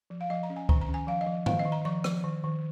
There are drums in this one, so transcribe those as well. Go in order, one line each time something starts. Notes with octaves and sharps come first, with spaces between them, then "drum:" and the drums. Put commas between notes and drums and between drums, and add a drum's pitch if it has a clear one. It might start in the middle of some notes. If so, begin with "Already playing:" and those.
F3
F5
F3 D#5
A#5
C#4
G#5
D#3 A#5, drum: kick C#2
A#5
C#4
G#5
F3 F5
D#5
F3
D#3 F5, drum: tom G#2
D#5
D#3
A#5
F3 C#6
F3, drum: rim click
D#3
D#3